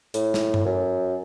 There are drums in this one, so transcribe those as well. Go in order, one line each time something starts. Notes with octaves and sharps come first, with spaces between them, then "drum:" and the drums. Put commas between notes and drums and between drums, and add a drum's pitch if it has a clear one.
A2, drum: hi-hat
drum: snare
drum: tom G2
F#2